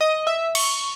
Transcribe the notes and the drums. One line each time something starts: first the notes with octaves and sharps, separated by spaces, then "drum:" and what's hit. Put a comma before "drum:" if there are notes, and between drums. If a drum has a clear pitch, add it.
D#5
E5
C#6, drum: cymbal